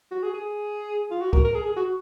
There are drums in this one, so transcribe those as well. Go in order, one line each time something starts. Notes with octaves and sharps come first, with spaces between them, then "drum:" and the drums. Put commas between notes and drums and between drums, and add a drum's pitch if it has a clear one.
F#4
G#4
G#4
F4
F#4
A#4, drum: kick C2
A#4
G#4
G#4
F#4